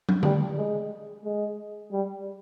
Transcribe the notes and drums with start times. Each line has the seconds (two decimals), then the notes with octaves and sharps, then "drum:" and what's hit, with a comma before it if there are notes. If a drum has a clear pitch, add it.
0.09 drum: tom
0.23 G3, drum: tom D3
0.57 G#3
1.24 G#3
1.92 G3